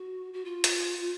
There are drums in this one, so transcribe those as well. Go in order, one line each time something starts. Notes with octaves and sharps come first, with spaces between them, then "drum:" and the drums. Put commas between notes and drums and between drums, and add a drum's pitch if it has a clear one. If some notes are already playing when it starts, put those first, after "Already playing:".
Already playing: F#4
F#4
F4
drum: hi-hat